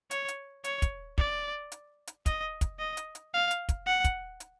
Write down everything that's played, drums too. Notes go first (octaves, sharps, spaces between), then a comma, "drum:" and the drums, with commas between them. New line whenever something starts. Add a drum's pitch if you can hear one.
C#5, drum: hi-hat
drum: hi-hat
C#5, drum: hi-hat
drum: kick, hi-hat
D5, drum: kick
drum: hi-hat
drum: hi-hat
D#5, drum: kick, hi-hat
drum: kick, hi-hat
D#5
drum: hi-hat
drum: hi-hat
F5
drum: hi-hat
drum: kick, hi-hat
F#5
drum: kick, hi-hat
drum: hi-hat